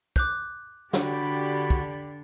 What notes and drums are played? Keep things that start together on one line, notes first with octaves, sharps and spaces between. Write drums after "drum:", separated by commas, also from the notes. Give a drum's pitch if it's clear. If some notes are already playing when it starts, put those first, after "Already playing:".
D6 F#6 G6, drum: kick
D3 D4 F#4 G4 B5, drum: snare
drum: kick